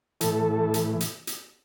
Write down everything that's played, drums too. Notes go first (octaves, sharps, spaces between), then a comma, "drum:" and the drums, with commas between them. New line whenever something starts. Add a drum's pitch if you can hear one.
A2 E3 A4, drum: hi-hat
drum: hi-hat
drum: hi-hat
drum: hi-hat